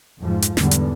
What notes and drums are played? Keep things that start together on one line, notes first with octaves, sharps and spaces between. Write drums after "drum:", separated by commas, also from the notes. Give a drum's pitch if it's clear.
F2 G#2 F3
drum: hi-hat
E2 G#2 D3 G3 B3, drum: snare
drum: hi-hat